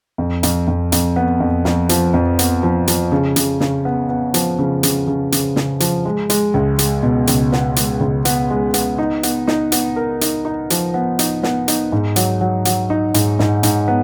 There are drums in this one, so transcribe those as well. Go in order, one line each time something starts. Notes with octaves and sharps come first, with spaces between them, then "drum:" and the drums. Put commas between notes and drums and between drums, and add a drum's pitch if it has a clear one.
F2
F2, drum: hi-hat
F2
F2, drum: hi-hat
B3
F2
F2, drum: snare
F3, drum: hi-hat
F2
B3, drum: hi-hat
F3
F3, drum: hi-hat
C#3
C#3, drum: hi-hat
C#3, drum: snare
B3
B3
F3, drum: hi-hat
C#3
C#3, drum: hi-hat
C#3
C#3, drum: hi-hat
C#3, drum: snare
F3, drum: hi-hat
G#3
G#3, drum: hi-hat
C#2
G#3, drum: hi-hat
B2
C#2, drum: hi-hat
B3, drum: snare
G#3, drum: hi-hat
C#2
B3, drum: hi-hat
G#3
B3, drum: hi-hat
D#4
B3, drum: hi-hat
D#4, drum: snare
B3, drum: hi-hat
A#4
D#4, drum: hi-hat
D#4
F3, drum: hi-hat
B3
D#4, drum: hi-hat
B3, drum: snare
D#4, drum: hi-hat
G#2
F#3, drum: hi-hat
F#3
F#3, drum: hi-hat
D#4
G#2, drum: hi-hat
G#2, drum: snare
G#2, drum: hi-hat
B3